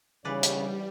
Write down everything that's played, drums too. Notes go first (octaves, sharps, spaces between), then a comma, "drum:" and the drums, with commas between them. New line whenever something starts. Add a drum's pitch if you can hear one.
D#2 C#3 E3 G3 D#4 B4 C#5 D5
drum: hi-hat